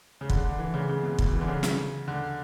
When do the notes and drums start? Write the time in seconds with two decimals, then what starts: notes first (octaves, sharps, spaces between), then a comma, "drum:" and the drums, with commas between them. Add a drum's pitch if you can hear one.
0.21 C#3
0.30 D3, drum: kick
0.44 D3
0.58 E3
0.74 C#3
0.89 C#3
1.03 B2
1.19 B2, drum: kick
1.34 E3
1.41 D3
1.48 C#3
1.63 drum: snare
2.08 D3